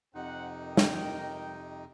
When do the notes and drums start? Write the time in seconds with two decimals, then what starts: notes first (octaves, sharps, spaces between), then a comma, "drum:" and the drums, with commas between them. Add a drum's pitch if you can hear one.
0.15 F2 C3 C4 D#4 C5 F#5
0.60 A#4 D#5 G5
0.77 drum: snare